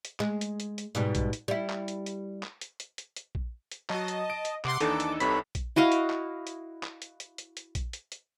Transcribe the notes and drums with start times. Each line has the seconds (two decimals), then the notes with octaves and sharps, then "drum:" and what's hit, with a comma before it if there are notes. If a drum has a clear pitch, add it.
0.05 drum: hi-hat
0.20 G#3, drum: clap
0.41 drum: hi-hat
0.60 drum: hi-hat
0.78 drum: hi-hat
0.95 G#2 B2 G3, drum: hi-hat
1.15 drum: kick A#1, hi-hat
1.33 drum: hi-hat
1.48 G3 E4
1.70 drum: clap
1.88 drum: hi-hat
2.06 drum: hi-hat
2.43 drum: clap
2.61 drum: hi-hat
2.80 drum: hi-hat
2.98 drum: hi-hat
3.16 drum: hi-hat
3.35 drum: kick A#1
3.72 drum: hi-hat
3.90 F#3 F#4 D#5 A5, drum: clap
4.08 drum: hi-hat
4.30 D7
4.45 drum: hi-hat
4.65 C3 F#5 C6 D6, drum: clap
4.80 D#2 E3 D4 D#4 A4, drum: hi-hat
5.00 drum: hi-hat
5.20 C2 C3 B4 C#5 B5 B6, drum: hi-hat
5.55 drum: kick A#1, hi-hat
5.76 E4 F#4 D#5 F5
5.92 drum: hi-hat
6.10 drum: clap
6.47 drum: hi-hat
6.83 drum: clap
7.02 drum: hi-hat
7.20 drum: hi-hat
7.38 drum: hi-hat
7.57 drum: hi-hat
7.75 drum: kick A#1, hi-hat
7.93 drum: hi-hat
8.12 drum: hi-hat